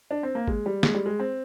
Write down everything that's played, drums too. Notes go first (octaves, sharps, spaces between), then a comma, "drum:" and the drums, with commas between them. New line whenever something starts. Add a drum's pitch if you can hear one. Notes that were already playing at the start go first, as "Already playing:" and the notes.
D4
C4
A#3
G#3, drum: kick G#1
G3
G#3, drum: snare
G3
G#3
C4